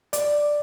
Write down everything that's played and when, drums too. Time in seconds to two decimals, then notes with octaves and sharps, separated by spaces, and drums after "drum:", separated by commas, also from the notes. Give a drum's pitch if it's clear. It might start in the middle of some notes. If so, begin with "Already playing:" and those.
0.13 D5, drum: hi-hat